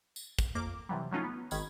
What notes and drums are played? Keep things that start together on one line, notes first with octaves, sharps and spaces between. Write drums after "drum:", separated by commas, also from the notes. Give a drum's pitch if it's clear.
drum: tambourine
drum: kick, tambourine
F2 A#3 D6
C3 E3 F#3 G3
F3 F#3 A3 C#4 D#4 F4
B3
G#1 D#3 B5 G#6, drum: tambourine